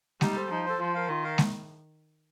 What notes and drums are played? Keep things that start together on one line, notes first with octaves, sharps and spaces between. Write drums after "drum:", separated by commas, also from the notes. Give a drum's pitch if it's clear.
G3 D#4, drum: snare G#3
A4 C5
F3 D#4
A4 C5
F3 F4
A#4 F5
D#3 F4
A#4 F5
drum: snare G#3